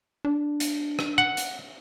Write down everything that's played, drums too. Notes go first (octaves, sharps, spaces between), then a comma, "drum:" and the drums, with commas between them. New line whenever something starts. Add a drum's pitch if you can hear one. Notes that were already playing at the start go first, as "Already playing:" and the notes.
D4
drum: hi-hat
drum: rim click
F#5
drum: hi-hat